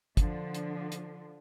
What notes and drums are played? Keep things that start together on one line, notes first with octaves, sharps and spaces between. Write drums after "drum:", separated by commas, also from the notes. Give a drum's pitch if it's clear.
D3 F3, drum: kick, hi-hat
drum: hi-hat
drum: hi-hat